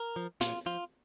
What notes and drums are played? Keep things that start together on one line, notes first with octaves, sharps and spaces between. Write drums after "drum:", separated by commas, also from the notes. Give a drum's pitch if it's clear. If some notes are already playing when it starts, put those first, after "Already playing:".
Already playing: A#4
F3
A#2 F4, drum: hi-hat
F3 F4